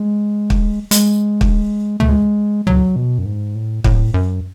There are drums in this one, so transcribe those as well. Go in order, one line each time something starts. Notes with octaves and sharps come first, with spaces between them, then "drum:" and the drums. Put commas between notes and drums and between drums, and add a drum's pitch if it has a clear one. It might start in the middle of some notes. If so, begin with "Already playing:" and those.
Already playing: G#3
drum: kick
G#3, drum: hi-hat
drum: kick
A3, drum: tom C#2
G#3
F#3, drum: tom C#2
B2
F#2
G#2
A2
A2, drum: kick
F#2